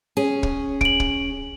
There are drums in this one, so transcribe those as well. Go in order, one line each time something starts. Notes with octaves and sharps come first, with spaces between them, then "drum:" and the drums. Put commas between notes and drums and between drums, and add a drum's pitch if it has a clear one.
C#4 G#4
drum: kick
D7 F#7, drum: kick
drum: kick